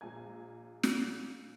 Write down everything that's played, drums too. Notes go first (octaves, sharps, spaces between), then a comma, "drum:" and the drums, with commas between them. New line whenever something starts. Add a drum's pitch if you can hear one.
A#1 A#2 G#3 G#5 A#5 G#6
drum: snare